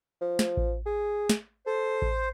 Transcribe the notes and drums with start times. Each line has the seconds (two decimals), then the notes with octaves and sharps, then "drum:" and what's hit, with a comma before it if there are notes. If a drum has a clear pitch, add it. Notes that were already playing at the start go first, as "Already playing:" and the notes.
0.21 F3
0.39 drum: snare
0.57 drum: kick A1
0.86 G#4
1.29 drum: snare
1.67 A4 C5
2.02 drum: kick A1